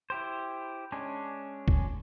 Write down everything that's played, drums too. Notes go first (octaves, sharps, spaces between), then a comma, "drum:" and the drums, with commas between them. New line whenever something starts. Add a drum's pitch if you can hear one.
E4 G4 C5
G#3 C#4 D4
drum: kick